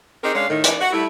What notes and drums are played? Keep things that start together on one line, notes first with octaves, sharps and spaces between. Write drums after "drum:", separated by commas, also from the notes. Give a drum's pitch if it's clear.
C4 D#4 G4 G#4 A#4
G#3 C#4 D4 F5
A2 D#3
E3 D#4 D5, drum: hi-hat
F#4
G3 A3 E4